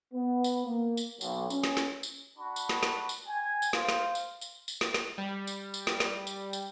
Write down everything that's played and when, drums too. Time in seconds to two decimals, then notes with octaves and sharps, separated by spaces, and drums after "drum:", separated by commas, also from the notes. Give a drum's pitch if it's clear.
0.14 B3
0.44 drum: tambourine
0.66 A#3
0.97 drum: tambourine
1.21 B1, drum: tambourine
1.50 C#4, drum: tambourine
1.64 drum: snare
1.77 drum: snare
2.03 drum: tambourine
2.38 D4 F#4 B5
2.56 drum: tambourine
2.69 drum: snare
2.83 drum: snare
3.09 drum: tambourine
3.27 G5 G#5
3.62 drum: tambourine
3.73 C5 F5, drum: snare
3.89 drum: snare
4.15 drum: tambourine
4.41 drum: tambourine
4.68 drum: tambourine
4.81 drum: snare
4.94 drum: snare
5.18 G3
5.47 drum: tambourine
5.74 drum: tambourine
5.87 drum: snare
6.00 drum: snare
6.27 drum: tambourine
6.53 drum: tambourine